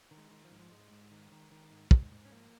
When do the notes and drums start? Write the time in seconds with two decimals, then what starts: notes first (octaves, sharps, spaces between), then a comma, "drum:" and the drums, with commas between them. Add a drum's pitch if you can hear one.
0.11 D#3
0.18 G#3
0.31 D#3
0.45 F3
0.51 G#2
0.59 F3
0.71 G#2 G#3
0.92 G#2
1.11 D#3
1.32 D#3
1.51 D#3
1.71 G#2
1.91 G#2, drum: kick
2.12 G#2
2.25 C#4
2.31 F3 A#3